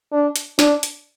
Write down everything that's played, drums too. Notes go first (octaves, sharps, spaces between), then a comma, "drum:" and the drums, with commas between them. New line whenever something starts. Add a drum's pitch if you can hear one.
D4
drum: hi-hat
D4, drum: snare
drum: hi-hat